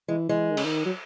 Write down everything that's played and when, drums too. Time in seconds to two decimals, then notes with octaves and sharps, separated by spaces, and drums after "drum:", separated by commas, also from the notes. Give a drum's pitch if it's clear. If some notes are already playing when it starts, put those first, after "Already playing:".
0.08 E3 G#3
0.29 E3 G#3
0.50 D#3
0.57 C#3, drum: cymbal
0.65 D#3
0.85 F#3